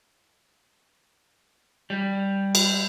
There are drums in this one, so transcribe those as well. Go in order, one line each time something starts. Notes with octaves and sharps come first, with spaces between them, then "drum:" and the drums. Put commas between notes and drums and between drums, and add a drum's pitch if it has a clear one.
G3
drum: cymbal